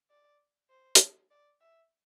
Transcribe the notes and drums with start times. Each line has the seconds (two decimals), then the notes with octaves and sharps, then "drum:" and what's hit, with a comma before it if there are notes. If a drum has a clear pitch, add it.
0.10 D5
0.70 C5
0.95 drum: hi-hat
1.31 D5
1.61 E5